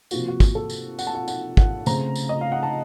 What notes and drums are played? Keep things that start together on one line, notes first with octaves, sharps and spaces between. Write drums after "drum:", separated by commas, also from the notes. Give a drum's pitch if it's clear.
C3 F3 A#3 F#4, drum: tambourine
F#4
drum: kick, tambourine
A4
drum: tambourine
F#5, drum: tambourine
A5
F#5
F#5, drum: tambourine
F#5, drum: kick
C#3 A3 C4 A#5, drum: tambourine
drum: tambourine
D#5
F5
F#5
A5